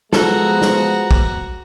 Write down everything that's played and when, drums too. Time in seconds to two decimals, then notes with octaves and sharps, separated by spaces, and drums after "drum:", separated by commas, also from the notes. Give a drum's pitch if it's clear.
0.13 F3 G#3 B3 F#4 A4 A#5, drum: snare
0.62 drum: snare
1.11 drum: kick